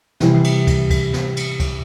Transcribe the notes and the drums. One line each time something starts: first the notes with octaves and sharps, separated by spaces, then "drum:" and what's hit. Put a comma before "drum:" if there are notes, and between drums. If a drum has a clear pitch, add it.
C3 E3 G3, drum: snare
drum: cymbal
drum: kick C#2, cymbal
drum: kick C#2, cymbal
drum: snare
drum: cymbal
drum: kick C#2, cymbal